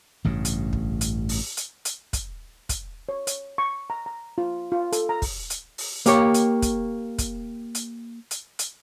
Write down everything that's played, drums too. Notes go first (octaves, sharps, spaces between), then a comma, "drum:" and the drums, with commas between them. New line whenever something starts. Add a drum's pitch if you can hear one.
A1 G2 C#3
drum: hi-hat
drum: kick
drum: hi-hat
drum: open hi-hat
drum: hi-hat
drum: hi-hat
drum: kick, hi-hat
drum: kick, hi-hat
C#5
C#5, drum: hi-hat
C#6
A#5
A#5
F4
F4
A4, drum: hi-hat
A#5
drum: kick, open hi-hat
drum: hi-hat
drum: open hi-hat
A#3 G4 C#5, drum: hi-hat
drum: hi-hat
drum: kick, hi-hat
drum: kick, hi-hat
drum: hi-hat
drum: hi-hat
drum: hi-hat